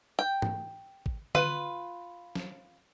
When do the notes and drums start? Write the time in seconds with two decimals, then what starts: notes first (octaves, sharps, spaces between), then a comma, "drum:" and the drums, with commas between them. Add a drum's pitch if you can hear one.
0.19 G5
0.42 drum: tom G#2
1.06 drum: kick
1.35 F4 B4, drum: tom D3
2.35 drum: snare